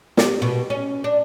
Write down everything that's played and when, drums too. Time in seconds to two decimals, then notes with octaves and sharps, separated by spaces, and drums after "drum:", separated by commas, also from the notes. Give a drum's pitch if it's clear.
0.17 G4, drum: snare
0.42 B2
0.70 C#4
1.04 D4